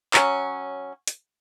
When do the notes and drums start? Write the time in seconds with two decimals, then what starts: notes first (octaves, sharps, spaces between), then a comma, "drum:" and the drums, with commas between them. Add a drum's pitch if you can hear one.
0.14 F#3 C#4, drum: clap
1.07 drum: hi-hat